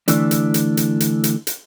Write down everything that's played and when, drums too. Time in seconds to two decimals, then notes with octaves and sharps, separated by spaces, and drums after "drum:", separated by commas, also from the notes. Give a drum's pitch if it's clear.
0.08 D3 E3 A3 D4, drum: hi-hat
0.31 drum: hi-hat
0.54 drum: hi-hat
0.77 drum: hi-hat
1.00 drum: hi-hat
1.24 drum: hi-hat
1.47 drum: hi-hat